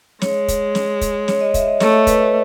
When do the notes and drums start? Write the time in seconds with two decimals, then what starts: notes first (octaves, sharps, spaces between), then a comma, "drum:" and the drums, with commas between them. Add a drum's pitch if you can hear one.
0.22 G#3 C#5, drum: snare
0.48 drum: kick, hi-hat
0.75 drum: snare
1.01 drum: kick, hi-hat
1.28 C#5, drum: snare
1.41 D#5
1.54 E5, drum: kick, hi-hat
1.68 D#5
1.80 A3 C#5, drum: snare
2.07 B4, drum: kick, hi-hat